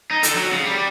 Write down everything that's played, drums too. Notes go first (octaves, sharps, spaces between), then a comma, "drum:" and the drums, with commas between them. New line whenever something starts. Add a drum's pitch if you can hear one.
D#4
D3, drum: hi-hat
F#3
C#3
G3